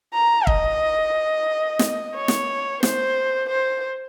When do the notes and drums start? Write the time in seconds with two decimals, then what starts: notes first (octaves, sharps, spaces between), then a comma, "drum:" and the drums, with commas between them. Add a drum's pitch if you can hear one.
0.13 A#5
0.47 D#5, drum: kick
1.79 drum: snare
2.15 C#5
2.28 drum: snare
2.83 C5, drum: snare
3.49 C5